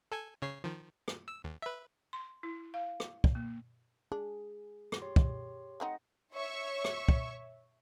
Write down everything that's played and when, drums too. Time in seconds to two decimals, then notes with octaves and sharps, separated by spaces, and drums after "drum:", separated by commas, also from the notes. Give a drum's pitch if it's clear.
0.12 A4 G#5 G#6
0.42 C#3 C#5 C7
0.64 D#3 F3
1.08 drum: rim click
1.28 E6
1.44 D#2
1.62 B4 E5
2.13 C6
2.43 E4
2.74 F5
3.00 drum: rim click
3.24 drum: kick
3.35 A#3
4.12 D4 G#4
4.92 drum: rim click
5.02 G4 C#5 C6
5.16 drum: kick
5.80 A3 C4 D#4 D#5 F#5
6.34 C#5 E5 C#6
6.84 drum: rim click
7.09 drum: kick